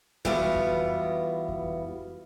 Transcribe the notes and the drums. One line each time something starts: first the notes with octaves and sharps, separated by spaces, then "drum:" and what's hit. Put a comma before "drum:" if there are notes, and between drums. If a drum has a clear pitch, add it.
E3 G3 B3 F4 F#4, drum: kick F2
drum: kick F2
drum: kick F2